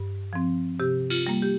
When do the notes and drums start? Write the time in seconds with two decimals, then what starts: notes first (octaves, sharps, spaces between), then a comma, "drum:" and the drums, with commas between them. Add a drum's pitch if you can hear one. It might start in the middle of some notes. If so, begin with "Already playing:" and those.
Already playing: G2
0.33 F3 C4
0.80 C3 G4
1.10 F4, drum: cymbal
1.27 G3 A#3
1.42 G4